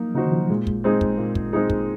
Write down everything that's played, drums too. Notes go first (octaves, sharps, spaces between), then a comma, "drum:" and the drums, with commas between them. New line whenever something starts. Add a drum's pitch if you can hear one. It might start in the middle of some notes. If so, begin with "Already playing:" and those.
Already playing: F3 F#3 A#3 D#4
C#3 D#4 F#4 C5
D#3
F3
F#3
A#2 G#3
drum: kick
G#3 C4 D#4 G#4
drum: kick
A#2 A#3
drum: kick
G#3 C4 D#4 G#4
drum: kick